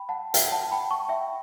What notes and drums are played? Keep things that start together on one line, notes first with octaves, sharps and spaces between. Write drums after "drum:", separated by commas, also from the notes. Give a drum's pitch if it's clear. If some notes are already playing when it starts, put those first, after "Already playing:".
Already playing: G5 B5
F#5 A5
E5 G5, drum: hi-hat
F#5 A5
A5
G5 B5
A5 C#6
E5 G5